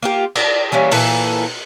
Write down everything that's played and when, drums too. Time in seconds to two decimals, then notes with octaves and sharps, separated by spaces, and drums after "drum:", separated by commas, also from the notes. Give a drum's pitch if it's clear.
0.03 A#3 F4 G4
0.36 D5, drum: cymbal
0.72 E3 G3 A#3 C#4
0.91 A#2 E3 A4, drum: open hi-hat